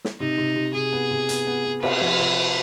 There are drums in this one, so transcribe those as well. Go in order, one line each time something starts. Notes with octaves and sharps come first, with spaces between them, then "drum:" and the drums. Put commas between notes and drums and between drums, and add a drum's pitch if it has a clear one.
drum: snare
C3 D#4
C3
C3
C3 G#4
B3
C3
B3, drum: hi-hat
B3
B3
C3 B4, drum: cymbal
F3
C3